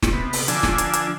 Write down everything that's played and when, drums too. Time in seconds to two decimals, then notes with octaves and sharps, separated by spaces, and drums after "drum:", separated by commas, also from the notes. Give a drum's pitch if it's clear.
0.03 drum: snare
0.13 C3 B3
0.33 drum: open hi-hat
0.48 D3 F3 D4 G#5 E6, drum: hi-hat
0.63 drum: snare
0.78 drum: hi-hat
0.93 drum: hi-hat